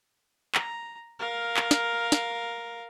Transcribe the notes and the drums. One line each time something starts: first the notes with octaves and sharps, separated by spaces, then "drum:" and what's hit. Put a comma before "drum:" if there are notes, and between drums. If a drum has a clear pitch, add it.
A#5, drum: clap
A#4 F5
drum: clap
drum: snare
drum: snare